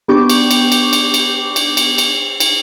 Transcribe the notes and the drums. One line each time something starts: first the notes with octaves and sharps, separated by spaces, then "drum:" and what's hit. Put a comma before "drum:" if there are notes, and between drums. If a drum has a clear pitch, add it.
B3 D4 G4 C#6 D6 G6
drum: cymbal
drum: cymbal
drum: cymbal
drum: cymbal
drum: cymbal
drum: cymbal
drum: cymbal
drum: cymbal
drum: cymbal